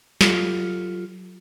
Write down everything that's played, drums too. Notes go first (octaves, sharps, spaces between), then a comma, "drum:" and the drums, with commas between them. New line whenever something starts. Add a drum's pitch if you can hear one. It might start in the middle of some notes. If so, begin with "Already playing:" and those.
F#3 F4 G4 A4, drum: snare